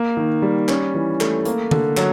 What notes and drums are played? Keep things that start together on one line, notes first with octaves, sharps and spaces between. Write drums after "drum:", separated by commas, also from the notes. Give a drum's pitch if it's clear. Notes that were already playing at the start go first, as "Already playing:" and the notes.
Already playing: A#3
D#3
G3
C#4, drum: clap
E3
A3, drum: clap
A#3, drum: hi-hat
D3, drum: tom D3
F#3, drum: clap